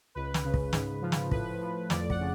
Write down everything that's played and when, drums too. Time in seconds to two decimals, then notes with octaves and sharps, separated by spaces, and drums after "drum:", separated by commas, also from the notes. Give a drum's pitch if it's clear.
0.15 C#2 B4
0.34 drum: snare
0.44 C#3
0.54 drum: kick
0.73 G#2, drum: snare
1.02 F3
1.12 drum: snare
1.31 A2 B4, drum: kick
1.60 F3
1.90 F2 D5, drum: snare
2.10 F#5, drum: kick
2.19 C#3